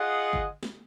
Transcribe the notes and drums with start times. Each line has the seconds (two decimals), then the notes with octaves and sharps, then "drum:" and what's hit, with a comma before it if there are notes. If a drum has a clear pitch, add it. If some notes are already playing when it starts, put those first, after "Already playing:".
Already playing: F4 G#4 D#5 F#5
0.33 drum: kick
0.63 drum: snare